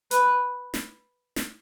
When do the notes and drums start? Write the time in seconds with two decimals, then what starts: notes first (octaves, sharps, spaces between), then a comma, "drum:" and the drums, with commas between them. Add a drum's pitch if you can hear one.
0.11 B4, drum: hi-hat
0.74 drum: snare
1.36 drum: snare